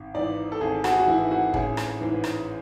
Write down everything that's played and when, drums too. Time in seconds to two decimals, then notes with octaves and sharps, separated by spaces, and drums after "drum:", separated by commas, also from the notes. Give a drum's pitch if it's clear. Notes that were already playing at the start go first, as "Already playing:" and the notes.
Already playing: G#1
0.14 G#2 E3 D5
0.52 A4
0.61 G#1 G#4
0.84 F#4, drum: rim click
0.92 G#4
0.99 F#4
1.07 G#2 E3 E4
1.31 F#4
1.54 A1 G#4, drum: kick
1.77 drum: rim click
2.01 G#2 E3
2.24 drum: rim click